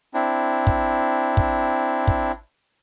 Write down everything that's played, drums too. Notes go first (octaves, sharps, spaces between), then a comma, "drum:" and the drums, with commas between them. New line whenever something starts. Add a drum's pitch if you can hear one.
C4 D4 E4
drum: kick
drum: kick
drum: kick